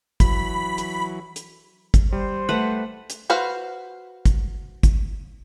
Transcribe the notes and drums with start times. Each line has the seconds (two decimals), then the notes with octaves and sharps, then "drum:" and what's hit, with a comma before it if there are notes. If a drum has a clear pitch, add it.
0.20 E3 F#3 B5, drum: kick, hi-hat
0.78 drum: hi-hat
1.36 drum: hi-hat
1.94 drum: kick, hi-hat
2.13 G3 C5
2.49 A3 B4 F#5
3.10 drum: hi-hat
3.30 F#4 B4 C5 F5
4.25 drum: kick, hi-hat
4.83 drum: kick, hi-hat